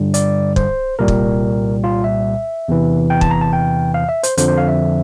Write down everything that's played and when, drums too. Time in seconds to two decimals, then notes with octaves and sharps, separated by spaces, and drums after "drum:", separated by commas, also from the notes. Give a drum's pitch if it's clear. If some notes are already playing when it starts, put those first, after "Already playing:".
Already playing: G2 D3 G3
0.14 D5, drum: hi-hat
0.56 C5, drum: kick
0.99 C2 A#2 G3 A#4
1.08 drum: kick
1.84 F4
2.04 E5
2.68 E2 C3 E3
3.10 G5
3.21 A5, drum: kick
3.31 A#5
3.41 A5
3.53 G5
3.94 F5
4.09 E5
4.23 C5, drum: hi-hat
4.38 F2 D3 F3 C5, drum: hi-hat
4.48 C5
4.57 F5
4.68 E5